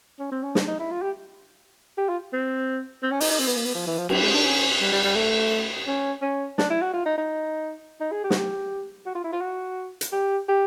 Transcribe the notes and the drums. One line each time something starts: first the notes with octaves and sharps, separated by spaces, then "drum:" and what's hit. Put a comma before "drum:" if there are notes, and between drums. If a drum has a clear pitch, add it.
C#4
C4
C#4
D4, drum: snare
D#4
E4
F4
G4
G4
F4
C4
C4
C#4
D#4, drum: open hi-hat
D#4
C4
B3
A#3
B3
F3
E3
F3
F#3, drum: cymbal
G#3
D4
C#4
G3
G3
G3
A3
C#4
C#4
D4, drum: snare
E4
F#4
F4
D#4
D#4
D#4
G#4
G4
F#4, drum: snare
G4
F#4
F4
E4
F4
F#4
drum: hi-hat
G4
G4